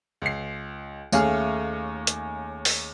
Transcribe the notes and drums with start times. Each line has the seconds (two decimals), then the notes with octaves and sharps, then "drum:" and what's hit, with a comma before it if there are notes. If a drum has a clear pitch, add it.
0.22 C#2 C7
1.12 D#2 A3 C#4 G#4 F5, drum: tambourine
2.07 drum: hi-hat
2.65 drum: open hi-hat